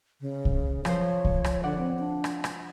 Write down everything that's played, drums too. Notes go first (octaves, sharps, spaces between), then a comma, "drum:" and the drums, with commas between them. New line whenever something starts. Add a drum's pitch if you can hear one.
C#3
drum: kick C2
F3 A4 C5 C#5, drum: rim click
drum: kick C2
drum: rim click
D3 D5 F#5
C4
D4
drum: rim click
drum: rim click